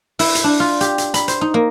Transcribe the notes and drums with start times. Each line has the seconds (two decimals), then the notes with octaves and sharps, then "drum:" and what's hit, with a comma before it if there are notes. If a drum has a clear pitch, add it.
0.19 E4, drum: open hi-hat
0.35 drum: hi-hat
0.44 D4
0.60 F4
0.81 G4, drum: hi-hat
0.98 drum: hi-hat
1.14 B5, drum: hi-hat
1.28 C5, drum: hi-hat
1.41 D#4
1.54 A#3